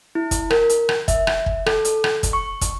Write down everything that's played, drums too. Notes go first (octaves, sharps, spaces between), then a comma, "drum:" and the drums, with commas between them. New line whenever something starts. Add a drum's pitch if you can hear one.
E4
drum: kick, hi-hat
A#4, drum: rim click
drum: hi-hat
drum: rim click
E5, drum: kick, hi-hat
drum: rim click
drum: kick
A4, drum: rim click
drum: hi-hat
drum: rim click
drum: kick, hi-hat
C#6
drum: kick, hi-hat